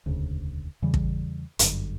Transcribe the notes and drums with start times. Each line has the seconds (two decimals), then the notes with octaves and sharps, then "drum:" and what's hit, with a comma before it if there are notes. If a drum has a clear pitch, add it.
0.06 E1 D2 C#3
0.82 E2 C#3 E3 G3
0.94 drum: kick
1.59 G1 F#2 D3, drum: hi-hat